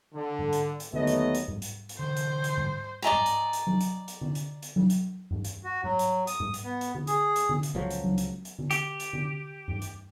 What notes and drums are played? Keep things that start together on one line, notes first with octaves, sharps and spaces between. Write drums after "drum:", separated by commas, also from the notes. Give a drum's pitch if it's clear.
D3
drum: tom G#2
drum: hi-hat
drum: hi-hat
D#2 F#3 A3 B3 D#5, drum: tom D3
drum: hi-hat
drum: hi-hat
drum: tom G#2
drum: hi-hat
drum: hi-hat
D3 E3 C5
drum: hi-hat
drum: hi-hat
drum: tom G#2
D5 D#5 G#5 A#5
drum: tom G#2
drum: hi-hat
drum: hi-hat
drum: tom F#3
drum: hi-hat
drum: hi-hat
drum: tom D3
drum: hi-hat
drum: hi-hat
drum: tom F#3
drum: hi-hat
drum: tom G2
drum: hi-hat
F#4
F#3, drum: tom G#2
drum: hi-hat
D#6, drum: hi-hat
drum: tom G#2
drum: hi-hat
B3
drum: hi-hat
drum: tom D3
G#4, drum: hi-hat
drum: hi-hat
drum: tom D3
drum: hi-hat
C#2 A#2 F3 F#3
drum: hi-hat
drum: tom F#3
drum: hi-hat
drum: hi-hat
drum: tom D3
G4, drum: hi-hat
drum: hi-hat
drum: tom D3
drum: tom G2
drum: hi-hat